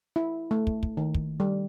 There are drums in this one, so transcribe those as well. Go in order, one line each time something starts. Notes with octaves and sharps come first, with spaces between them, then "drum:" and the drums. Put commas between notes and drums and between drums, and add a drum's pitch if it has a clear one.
E4
A3
drum: kick
drum: kick
D#3
drum: kick
G3